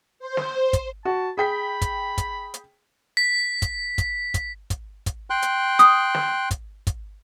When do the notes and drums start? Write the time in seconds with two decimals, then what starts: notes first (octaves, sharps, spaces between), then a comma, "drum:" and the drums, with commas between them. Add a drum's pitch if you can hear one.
0.19 C5
0.37 drum: snare
0.73 drum: kick, hi-hat
1.05 F#4 A5
1.38 G#4 G5 B5 B6
1.82 drum: kick, hi-hat
2.18 drum: kick, hi-hat
2.54 drum: hi-hat
3.17 B6
3.62 drum: kick, hi-hat
3.98 drum: kick, hi-hat
4.34 drum: kick, hi-hat
4.70 drum: kick, hi-hat
5.06 drum: kick, hi-hat
5.30 G5 C6 F#6
5.42 drum: hi-hat
5.79 D#6, drum: hi-hat
6.15 drum: snare
6.51 drum: kick, hi-hat
6.87 drum: kick, hi-hat